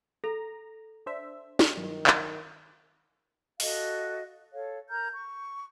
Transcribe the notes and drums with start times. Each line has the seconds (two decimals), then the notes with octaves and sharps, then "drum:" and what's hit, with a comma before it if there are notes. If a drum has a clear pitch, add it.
0.24 A4 A#5
1.06 D4 C5 E5
1.59 drum: snare
1.77 G2 D#3 F#3
2.07 drum: clap
3.60 F#4 A4 D#5 F5, drum: open hi-hat
4.53 A4 C#5 F5
4.90 A#4 A#5 F6 G6
5.13 C#6